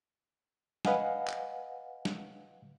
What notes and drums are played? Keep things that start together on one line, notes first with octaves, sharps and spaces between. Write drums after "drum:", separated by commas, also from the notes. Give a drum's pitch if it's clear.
B4 D#5 F5 F#5 G#5, drum: snare
drum: clap
drum: snare